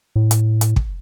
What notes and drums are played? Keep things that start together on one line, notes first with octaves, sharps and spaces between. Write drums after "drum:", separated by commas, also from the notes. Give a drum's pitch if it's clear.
A2
drum: hi-hat
drum: hi-hat
drum: kick